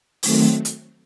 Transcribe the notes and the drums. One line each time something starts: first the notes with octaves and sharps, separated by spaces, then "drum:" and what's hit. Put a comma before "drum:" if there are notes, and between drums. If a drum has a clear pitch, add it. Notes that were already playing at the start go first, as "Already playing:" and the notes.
D#3 F#3 A3 C4, drum: open hi-hat
drum: hi-hat